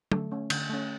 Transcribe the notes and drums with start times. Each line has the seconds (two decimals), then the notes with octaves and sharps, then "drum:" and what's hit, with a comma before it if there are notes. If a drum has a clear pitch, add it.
0.12 D3 A3 A4, drum: tom
0.31 A3 C#4
0.50 D3, drum: cymbal
0.69 A3 C#4